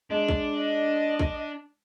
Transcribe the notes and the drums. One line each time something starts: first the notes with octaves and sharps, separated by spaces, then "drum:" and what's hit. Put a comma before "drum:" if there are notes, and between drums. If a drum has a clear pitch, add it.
G#3 D4
drum: kick
D#5
drum: kick